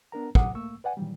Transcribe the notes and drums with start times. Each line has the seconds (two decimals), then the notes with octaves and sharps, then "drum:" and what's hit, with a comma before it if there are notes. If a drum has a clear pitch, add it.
0.12 B3 D4 A#4 A#5
0.35 C3 F#3 F#5 D6 D#6, drum: kick
0.55 A3 A#3 C#6 E6
0.84 B4 D5 F#5 G#5
0.97 A#2 D#3 E3 F#3 G3